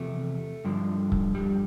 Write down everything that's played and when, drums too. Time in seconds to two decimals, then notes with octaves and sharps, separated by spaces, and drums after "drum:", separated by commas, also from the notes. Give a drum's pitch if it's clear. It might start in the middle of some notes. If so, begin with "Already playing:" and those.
Already playing: E2 C3 F3 A3
0.65 G2 D3 F3
1.12 drum: kick C#1
1.35 G3